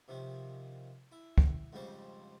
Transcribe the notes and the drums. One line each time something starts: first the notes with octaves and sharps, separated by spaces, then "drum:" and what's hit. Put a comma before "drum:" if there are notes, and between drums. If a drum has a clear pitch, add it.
C3 D#3 F3 C#4
E4
drum: kick
F2 G#2 C#3 G3 C#4 C5